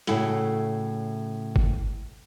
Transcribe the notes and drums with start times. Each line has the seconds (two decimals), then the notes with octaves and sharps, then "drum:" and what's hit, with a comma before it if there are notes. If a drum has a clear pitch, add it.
0.07 A2 C#3 E4 F#4 A4, drum: hi-hat
1.56 drum: kick G1